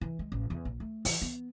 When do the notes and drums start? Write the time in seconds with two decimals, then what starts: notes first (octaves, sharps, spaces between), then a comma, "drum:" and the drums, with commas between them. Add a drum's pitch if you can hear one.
0.01 E3
0.19 G#3
0.32 A1
0.50 E2
0.65 A#1
0.80 A3
1.05 E3, drum: open hi-hat
1.22 B3